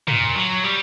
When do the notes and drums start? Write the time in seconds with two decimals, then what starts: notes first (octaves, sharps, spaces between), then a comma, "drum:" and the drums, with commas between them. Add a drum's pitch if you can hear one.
0.08 A#2, drum: tom
0.35 F#3
0.64 G3